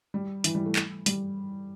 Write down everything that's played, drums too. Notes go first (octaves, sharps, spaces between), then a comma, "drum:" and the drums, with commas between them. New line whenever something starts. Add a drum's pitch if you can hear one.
G3
E3, drum: hi-hat
G3
A3
drum: clap
G3, drum: hi-hat